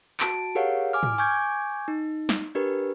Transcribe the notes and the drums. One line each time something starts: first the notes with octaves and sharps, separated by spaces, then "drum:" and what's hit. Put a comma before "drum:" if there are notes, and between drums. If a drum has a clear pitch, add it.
F#4 A5 D7, drum: clap
G4 G#4 A#4 C#5 F5 F#5
G#5 D6 F6
drum: tom
G#5 C#6 D6 G6 G#6
D#4
drum: snare
D4 G4 A#4 B4